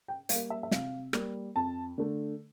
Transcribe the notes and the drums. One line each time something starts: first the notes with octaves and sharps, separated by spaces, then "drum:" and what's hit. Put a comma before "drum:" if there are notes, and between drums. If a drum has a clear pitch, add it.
G5
G3 A#3 F5, drum: hi-hat
E5
E5
C3 F5, drum: snare
G3 A#3, drum: rim click
F2 A5
D3 A3